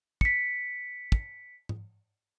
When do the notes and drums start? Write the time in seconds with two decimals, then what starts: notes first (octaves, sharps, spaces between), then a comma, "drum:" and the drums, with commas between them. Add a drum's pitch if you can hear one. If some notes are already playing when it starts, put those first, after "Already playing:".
0.21 B6 C#7, drum: kick
1.12 drum: kick
1.69 drum: tom G#2